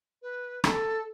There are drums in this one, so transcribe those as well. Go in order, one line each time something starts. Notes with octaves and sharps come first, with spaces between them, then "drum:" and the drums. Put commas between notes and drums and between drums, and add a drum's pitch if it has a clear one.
B4
A4, drum: rim click